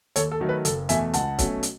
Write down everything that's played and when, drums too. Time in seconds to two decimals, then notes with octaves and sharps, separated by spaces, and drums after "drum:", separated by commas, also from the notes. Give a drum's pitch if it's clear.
0.16 D#2 A4 C#5, drum: hi-hat
0.32 A4
0.40 D#3 F#3 A3
0.49 B4
0.65 F#1 A4, drum: hi-hat
0.89 E2 B2 A3 E5 G#5, drum: hi-hat
1.13 C#2 F#5 A5, drum: hi-hat
1.39 B2 F#3 A3 C#4, drum: kick, hi-hat
1.63 drum: hi-hat